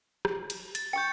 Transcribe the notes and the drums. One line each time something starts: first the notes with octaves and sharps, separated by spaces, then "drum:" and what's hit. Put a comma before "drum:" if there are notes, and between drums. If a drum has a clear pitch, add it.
drum: rim click
drum: cymbal
A6, drum: cymbal
G5 C#6 G6 C#7